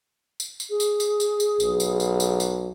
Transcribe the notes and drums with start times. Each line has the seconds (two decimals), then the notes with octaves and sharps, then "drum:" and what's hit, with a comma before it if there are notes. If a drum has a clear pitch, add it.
0.40 drum: tambourine
0.60 drum: tambourine
0.70 G#4
0.80 drum: tambourine
1.00 drum: tambourine
1.20 drum: tambourine
1.40 drum: tambourine
1.60 B1, drum: tambourine
1.80 drum: tambourine
2.00 drum: tambourine
2.20 drum: tambourine
2.40 drum: tambourine